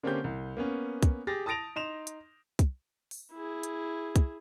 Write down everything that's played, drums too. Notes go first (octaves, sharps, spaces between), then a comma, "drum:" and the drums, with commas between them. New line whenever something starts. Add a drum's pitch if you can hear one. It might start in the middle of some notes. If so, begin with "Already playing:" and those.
D3 A#3 C4 C#4 G4 G6
C2
A#3 B3 C#4
drum: kick, hi-hat
G4 G#4 A6 A#6
A5 D#6 A6 A#6 D7 F7
D#4 C6 E7 F7
drum: hi-hat
drum: kick, hi-hat
drum: open hi-hat
E4 G#4
drum: hi-hat
drum: kick, hi-hat